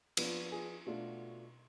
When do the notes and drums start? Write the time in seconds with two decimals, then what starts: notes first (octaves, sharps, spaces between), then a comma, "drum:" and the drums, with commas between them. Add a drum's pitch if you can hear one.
0.17 F3 B3 D4 F4, drum: cymbal
0.52 G#4
0.86 B2 A3 D4 F4 F#4